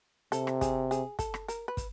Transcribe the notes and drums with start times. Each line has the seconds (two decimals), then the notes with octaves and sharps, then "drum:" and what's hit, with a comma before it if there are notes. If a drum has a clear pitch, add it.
0.32 C3 A4, drum: hi-hat
0.47 drum: rim click
0.61 G#4, drum: kick, hi-hat
0.91 G#4, drum: hi-hat
1.19 A4, drum: kick, hi-hat
1.34 drum: rim click
1.48 A#4, drum: hi-hat
1.68 B4
1.77 drum: kick, hi-hat